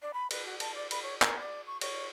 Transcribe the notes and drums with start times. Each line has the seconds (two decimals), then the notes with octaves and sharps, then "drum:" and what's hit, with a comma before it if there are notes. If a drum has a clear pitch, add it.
0.02 D5
0.14 B5
0.31 B4, drum: cymbal
0.46 F#4
0.60 A5, drum: cymbal
0.74 D5
0.91 B5, drum: cymbal
1.03 C#5
1.22 A#4, drum: clap
1.40 D5
1.67 C#6
1.81 C#5, drum: cymbal